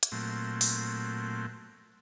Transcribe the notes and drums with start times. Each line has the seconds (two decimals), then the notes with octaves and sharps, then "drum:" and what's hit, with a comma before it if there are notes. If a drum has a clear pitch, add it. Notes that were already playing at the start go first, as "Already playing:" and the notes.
0.03 drum: hi-hat
0.12 A#2 F#3 A3 C4
0.61 drum: open hi-hat